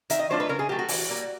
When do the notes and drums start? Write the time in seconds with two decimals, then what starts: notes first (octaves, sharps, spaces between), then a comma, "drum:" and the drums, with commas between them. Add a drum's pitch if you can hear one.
0.10 D#3 E5, drum: hi-hat
0.19 D#5
0.30 F#3 A3 D4 F4 C5
0.40 B4
0.49 C#3 A#4
0.59 G#4
0.69 F#3 A3 G4
0.79 F#4
0.88 E3, drum: open hi-hat
1.08 G3 A#3